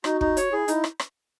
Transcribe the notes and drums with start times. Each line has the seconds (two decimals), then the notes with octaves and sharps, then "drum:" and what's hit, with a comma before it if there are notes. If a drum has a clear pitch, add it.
0.04 D#4 F#4, drum: rim click
0.21 D#4, drum: kick
0.37 C#5, drum: hi-hat
0.51 E4 G#4
0.68 D#4 E4, drum: hi-hat
0.84 drum: rim click
0.99 drum: rim click